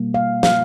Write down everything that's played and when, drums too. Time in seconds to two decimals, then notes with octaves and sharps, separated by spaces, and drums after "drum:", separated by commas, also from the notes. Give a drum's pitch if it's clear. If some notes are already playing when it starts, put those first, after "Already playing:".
Already playing: B2 G3 A#3
0.14 F5
0.43 F5, drum: snare